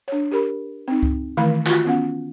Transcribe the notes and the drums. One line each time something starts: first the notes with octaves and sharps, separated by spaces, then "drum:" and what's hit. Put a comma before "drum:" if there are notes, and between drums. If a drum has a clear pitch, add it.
D4 C#5
G4 A#4 B5
C4 D#4
drum: kick C#2
D#3 E3 A3 E4 F5 B5
F4 F#4, drum: clap
B3 C#4 F#5